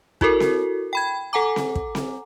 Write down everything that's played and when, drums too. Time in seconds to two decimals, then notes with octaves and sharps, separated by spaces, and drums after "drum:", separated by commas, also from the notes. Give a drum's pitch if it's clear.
0.21 E4 F#4 A4 A#4, drum: kick
0.40 drum: snare C4
0.93 G5 B5 G#6
1.33 A4 F#5 G#5 A#5 D6
1.56 drum: snare C4
1.75 drum: kick
1.95 drum: snare C4